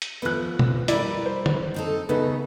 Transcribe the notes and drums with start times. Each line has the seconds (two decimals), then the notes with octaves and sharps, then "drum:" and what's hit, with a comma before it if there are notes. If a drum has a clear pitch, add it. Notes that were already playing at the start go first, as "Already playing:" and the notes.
0.02 drum: hi-hat
0.22 F3 A3 B3 F#6
0.59 drum: tom
0.88 G3 E4 A#4 B4 D5, drum: hi-hat
1.26 C5
1.46 drum: tom
1.74 C4 D#4 A4
2.09 C#3 A3 B3 D#4